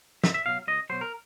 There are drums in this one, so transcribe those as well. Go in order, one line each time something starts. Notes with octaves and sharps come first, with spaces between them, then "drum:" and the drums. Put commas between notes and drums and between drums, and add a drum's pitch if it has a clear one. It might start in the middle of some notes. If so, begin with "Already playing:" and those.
C#2 E5, drum: snare
E5
B2 F#3 F5
C#2 D#5
B2 F#3 C5
A#4